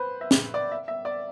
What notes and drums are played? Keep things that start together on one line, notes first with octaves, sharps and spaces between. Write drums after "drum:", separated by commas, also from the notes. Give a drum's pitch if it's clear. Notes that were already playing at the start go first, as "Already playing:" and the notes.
Already playing: B4 C5
E5
drum: snare
D5
E5
E5
D5